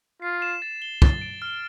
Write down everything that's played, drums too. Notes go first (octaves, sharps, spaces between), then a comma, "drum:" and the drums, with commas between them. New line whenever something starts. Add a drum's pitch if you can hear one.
F4 C7
E7
A6
G7
A6, drum: kick
D7
F6